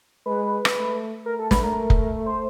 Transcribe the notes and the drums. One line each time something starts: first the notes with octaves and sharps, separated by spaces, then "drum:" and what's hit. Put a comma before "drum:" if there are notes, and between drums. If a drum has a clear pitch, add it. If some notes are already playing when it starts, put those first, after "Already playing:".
G#3 B4
drum: rim click
A3
A3 A#4
A4
B4, drum: snare
A#4
drum: kick F1
C5